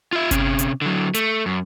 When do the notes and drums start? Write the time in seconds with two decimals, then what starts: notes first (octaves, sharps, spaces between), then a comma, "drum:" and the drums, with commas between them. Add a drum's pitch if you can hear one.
0.13 F4 E5
0.31 C3 C#4, drum: kick G1, hi-hat
0.59 drum: hi-hat
0.82 D3 F#3
1.14 A3, drum: hi-hat
1.46 F#2